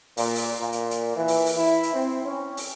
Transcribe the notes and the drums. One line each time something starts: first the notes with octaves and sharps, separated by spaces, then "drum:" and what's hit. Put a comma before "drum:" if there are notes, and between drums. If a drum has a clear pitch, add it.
A#2, drum: open hi-hat
drum: open hi-hat
A#2
drum: hi-hat
drum: hi-hat
E3
drum: open hi-hat
drum: open hi-hat
E4
drum: hi-hat
C4
C#4
drum: open hi-hat